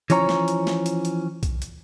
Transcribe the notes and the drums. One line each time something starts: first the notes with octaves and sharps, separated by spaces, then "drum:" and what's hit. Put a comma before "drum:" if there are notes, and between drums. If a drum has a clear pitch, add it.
E3 F3 C#4 C#5 A#5, drum: hi-hat
drum: snare
drum: hi-hat
drum: snare
drum: hi-hat
drum: hi-hat
drum: kick B1, hi-hat
drum: hi-hat